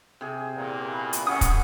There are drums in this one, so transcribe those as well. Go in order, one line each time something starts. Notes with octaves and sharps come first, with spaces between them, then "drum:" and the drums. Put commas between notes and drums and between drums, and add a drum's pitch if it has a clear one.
C3 G#4
E2 A#2
B5
drum: hi-hat
F#2 C#4 F#5 D#6
drum: kick, hi-hat